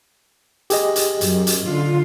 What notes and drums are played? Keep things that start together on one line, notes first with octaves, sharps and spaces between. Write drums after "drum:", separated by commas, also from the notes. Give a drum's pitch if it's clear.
G4 G#4 D#5, drum: hi-hat
drum: hi-hat
F#2, drum: hi-hat
drum: hi-hat
D3 F4